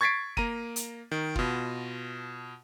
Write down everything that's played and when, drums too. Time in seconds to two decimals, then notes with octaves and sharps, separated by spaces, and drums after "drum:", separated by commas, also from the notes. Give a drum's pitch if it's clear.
0.01 C#6 G#6 A6 B6 C7 D7
0.37 A#3 A#5 D#7, drum: kick
0.76 drum: hi-hat
1.12 D#3
1.35 B2 F4, drum: kick